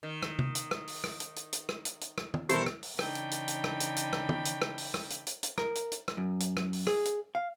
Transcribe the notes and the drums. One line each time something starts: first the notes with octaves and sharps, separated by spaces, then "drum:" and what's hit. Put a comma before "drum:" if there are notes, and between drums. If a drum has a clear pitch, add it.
D#3
drum: rim click
drum: tom C3
drum: hi-hat
drum: rim click
drum: open hi-hat
drum: rim click
drum: hi-hat
drum: hi-hat
drum: hi-hat
drum: rim click
drum: hi-hat
drum: hi-hat
drum: rim click
drum: tom
B2 E3 G3 E4 G4 A4 A#4 C5, drum: hi-hat
drum: rim click
drum: open hi-hat
C#3 E3 D4 D#4 G5 B5, drum: rim click
drum: hi-hat
drum: hi-hat
drum: hi-hat
drum: rim click
drum: hi-hat
drum: hi-hat
drum: rim click
drum: tom
drum: hi-hat
drum: rim click
drum: open hi-hat
drum: rim click
drum: hi-hat
drum: hi-hat
drum: hi-hat
A#4, drum: rim click
drum: hi-hat
drum: hi-hat
drum: rim click
F#2
drum: hi-hat
drum: rim click
drum: open hi-hat
G#4, drum: rim click
drum: hi-hat
F5